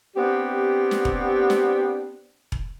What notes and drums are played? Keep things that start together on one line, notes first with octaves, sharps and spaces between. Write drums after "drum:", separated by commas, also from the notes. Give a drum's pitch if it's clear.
B3 C4 D4 G4
drum: snare
drum: kick E1
drum: snare
drum: kick E1